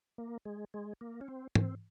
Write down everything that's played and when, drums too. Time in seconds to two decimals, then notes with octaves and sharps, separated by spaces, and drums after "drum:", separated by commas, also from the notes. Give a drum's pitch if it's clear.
0.18 A#3
0.45 G#3
0.74 G#3
1.01 A#3
1.21 C#4
1.28 C4
1.55 C4, drum: tom